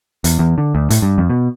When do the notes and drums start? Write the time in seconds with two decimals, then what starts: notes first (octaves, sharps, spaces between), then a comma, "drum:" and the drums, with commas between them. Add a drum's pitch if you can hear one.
0.24 E2, drum: hi-hat
0.39 E2
0.58 D3
0.75 D2
0.90 A2, drum: hi-hat
1.02 G2
1.18 F2
1.30 B2